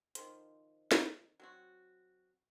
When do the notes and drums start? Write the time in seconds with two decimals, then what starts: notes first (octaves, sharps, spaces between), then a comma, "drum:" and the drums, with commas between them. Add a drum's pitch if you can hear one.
0.15 D#3 F3 A#4 C5, drum: hi-hat
0.91 drum: snare
1.40 F#3 C4 F#4